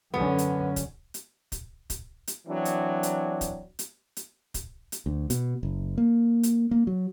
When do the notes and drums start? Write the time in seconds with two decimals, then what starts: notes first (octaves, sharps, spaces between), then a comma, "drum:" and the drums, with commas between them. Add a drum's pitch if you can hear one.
0.14 F#2 D3 B3 C#4
0.38 drum: hi-hat
0.76 drum: kick, hi-hat
1.14 drum: hi-hat
1.52 drum: kick, hi-hat
1.90 drum: kick, hi-hat
2.27 drum: hi-hat
2.47 E3 F#3 C4 D4
2.65 drum: hi-hat
3.03 drum: hi-hat
3.41 drum: kick, hi-hat
3.79 drum: hi-hat
4.17 drum: hi-hat
4.54 drum: kick, hi-hat
4.92 drum: hi-hat
5.06 D2
5.30 B2, drum: hi-hat
5.63 F#1
5.98 A#3
6.43 drum: hi-hat
6.71 A#3
6.87 F#3